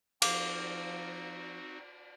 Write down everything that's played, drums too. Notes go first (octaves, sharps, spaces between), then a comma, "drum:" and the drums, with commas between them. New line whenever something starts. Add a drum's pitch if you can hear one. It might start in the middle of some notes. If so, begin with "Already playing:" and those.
F3 C4 D#4 F#4 F5 D6, drum: cymbal